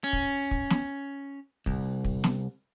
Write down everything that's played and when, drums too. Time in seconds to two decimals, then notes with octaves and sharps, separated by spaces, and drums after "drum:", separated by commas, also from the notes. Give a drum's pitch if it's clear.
0.04 C#4
0.13 drum: kick
0.51 drum: kick
0.70 drum: snare
1.66 C2, drum: kick
2.05 drum: kick
2.24 drum: snare